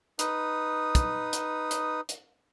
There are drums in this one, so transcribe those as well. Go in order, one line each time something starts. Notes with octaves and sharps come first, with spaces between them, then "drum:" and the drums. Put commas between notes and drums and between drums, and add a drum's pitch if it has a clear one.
D#4 B4 D#6, drum: hi-hat
drum: kick, hi-hat
drum: hi-hat
drum: hi-hat
drum: hi-hat